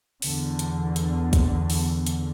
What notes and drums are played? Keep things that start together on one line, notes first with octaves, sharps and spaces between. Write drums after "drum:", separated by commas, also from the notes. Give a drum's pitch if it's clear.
E2 D3, drum: open hi-hat
drum: hi-hat
drum: hi-hat
drum: kick B1, hi-hat
drum: open hi-hat
drum: hi-hat